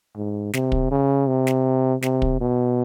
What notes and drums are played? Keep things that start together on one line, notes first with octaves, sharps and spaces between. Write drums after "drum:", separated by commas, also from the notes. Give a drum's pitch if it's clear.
G#2
C3, drum: snare
drum: kick
C#3
C3
drum: snare
C3, drum: snare
drum: kick
B2